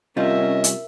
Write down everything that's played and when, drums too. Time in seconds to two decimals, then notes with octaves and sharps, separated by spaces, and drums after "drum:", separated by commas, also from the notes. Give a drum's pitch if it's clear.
0.17 C3 G3 C#4 F4 A#4 D#5 E5
0.64 drum: hi-hat